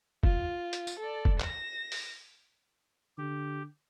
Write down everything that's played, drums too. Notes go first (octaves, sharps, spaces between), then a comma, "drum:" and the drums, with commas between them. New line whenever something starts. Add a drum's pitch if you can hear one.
F4, drum: kick
drum: hi-hat
drum: tambourine
A4 D5
drum: kick
A#6 E7, drum: clap
drum: open hi-hat
D3 G4